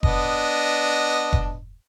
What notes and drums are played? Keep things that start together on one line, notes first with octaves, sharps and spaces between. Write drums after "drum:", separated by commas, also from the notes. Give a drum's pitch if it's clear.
B3 D4 D#5, drum: kick F1
drum: kick F1